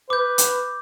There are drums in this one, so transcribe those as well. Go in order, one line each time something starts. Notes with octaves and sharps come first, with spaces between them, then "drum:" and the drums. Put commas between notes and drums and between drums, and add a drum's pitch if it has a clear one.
B4 D6 G6
drum: hi-hat